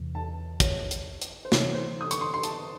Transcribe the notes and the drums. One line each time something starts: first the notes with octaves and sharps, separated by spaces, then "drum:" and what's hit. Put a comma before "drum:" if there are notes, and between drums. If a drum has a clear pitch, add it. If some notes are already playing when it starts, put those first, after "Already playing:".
Already playing: E2 C3 E3
A5
C#5, drum: kick, hi-hat
drum: hi-hat
drum: hi-hat
C5
C3 E3 C4 C#5, drum: snare
C5
D#6
C#6, drum: hi-hat
C6
C6
A5, drum: hi-hat